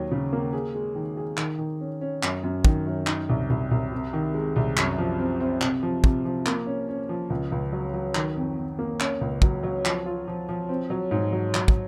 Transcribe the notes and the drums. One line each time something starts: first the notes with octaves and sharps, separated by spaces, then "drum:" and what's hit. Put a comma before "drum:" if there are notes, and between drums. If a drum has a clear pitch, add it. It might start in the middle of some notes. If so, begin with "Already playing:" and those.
Already playing: D#2 D#3 F#3
C#3
A#3
G#4
G#3
D#3
G#4
D#3, drum: clap
D#3
C#4
C#4
F#2, drum: clap
F#2
D#3, drum: kick
F#2
D#4, drum: clap
C2
C2
C2
C3
D#3
G#3
C2
F#2, drum: clap
F3
C4
C4
C3, drum: clap
F3
C3, drum: kick
F3
A#3, drum: clap
C#4
C#4
F3
C#2
C#2
F#3
F#3
D#3, drum: clap
F2
F2
A#3
C#4, drum: clap
C#2
F#3, drum: kick
F#3
F3, drum: clap
F4
F3
F3
C4
F#3
G#2
F#3
F#3, drum: clap
drum: kick